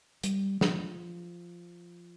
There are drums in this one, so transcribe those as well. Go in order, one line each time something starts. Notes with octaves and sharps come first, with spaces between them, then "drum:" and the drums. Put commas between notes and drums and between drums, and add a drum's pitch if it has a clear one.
G3, drum: hi-hat
F3, drum: snare